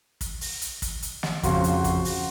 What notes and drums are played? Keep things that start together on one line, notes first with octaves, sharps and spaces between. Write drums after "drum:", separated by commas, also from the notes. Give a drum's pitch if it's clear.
drum: kick, hi-hat
drum: open hi-hat
drum: hi-hat
drum: kick, hi-hat
drum: hi-hat
drum: snare
F2 A#2 C#3 F#4 C5, drum: kick, hi-hat
drum: hi-hat
drum: kick, hi-hat
drum: open hi-hat